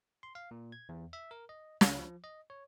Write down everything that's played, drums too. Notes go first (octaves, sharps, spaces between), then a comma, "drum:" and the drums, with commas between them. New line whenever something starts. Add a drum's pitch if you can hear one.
C6
F5
A#2
G#6
E2
E5
A#4
D#5
C#2, drum: snare
F3
D#5
C#5